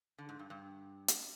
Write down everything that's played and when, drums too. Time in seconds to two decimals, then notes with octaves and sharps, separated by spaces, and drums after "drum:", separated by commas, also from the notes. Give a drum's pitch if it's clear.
0.18 D3
0.29 G#2
0.39 G2
0.50 G2
1.08 drum: hi-hat